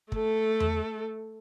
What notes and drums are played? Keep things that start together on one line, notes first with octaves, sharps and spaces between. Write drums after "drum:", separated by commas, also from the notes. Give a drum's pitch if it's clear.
A3 A4, drum: kick
drum: tom E2